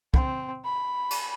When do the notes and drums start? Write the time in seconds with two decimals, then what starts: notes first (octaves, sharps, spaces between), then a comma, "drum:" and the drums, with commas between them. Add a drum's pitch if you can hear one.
0.14 C4, drum: kick
0.64 B5
1.11 drum: cymbal